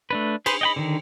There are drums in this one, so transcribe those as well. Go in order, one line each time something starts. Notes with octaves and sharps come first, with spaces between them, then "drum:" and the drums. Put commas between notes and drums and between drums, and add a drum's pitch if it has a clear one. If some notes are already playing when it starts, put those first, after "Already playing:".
A3 D4 B4
G#4 B4 C5, drum: cymbal
D#5 G5 B5
D3 D#3